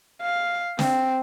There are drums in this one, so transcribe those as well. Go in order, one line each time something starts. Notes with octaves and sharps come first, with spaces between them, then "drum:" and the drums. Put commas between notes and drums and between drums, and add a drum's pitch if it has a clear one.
F5
C4, drum: snare